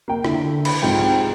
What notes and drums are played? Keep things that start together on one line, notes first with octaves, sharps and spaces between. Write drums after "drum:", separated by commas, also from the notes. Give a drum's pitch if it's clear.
A#3 G5
D3 E4, drum: rim click
B5, drum: cymbal
C2 G#2 F3 G5